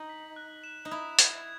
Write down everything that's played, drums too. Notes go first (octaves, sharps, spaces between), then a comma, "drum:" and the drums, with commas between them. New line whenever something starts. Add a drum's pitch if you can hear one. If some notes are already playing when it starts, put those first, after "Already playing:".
Already playing: D#4 F#7
B6
F#6
E7
D#4
E4 D#6
G#6, drum: hi-hat